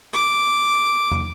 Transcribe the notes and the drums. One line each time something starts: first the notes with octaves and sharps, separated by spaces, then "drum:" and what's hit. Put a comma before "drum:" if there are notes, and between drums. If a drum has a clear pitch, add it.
D6
drum: tom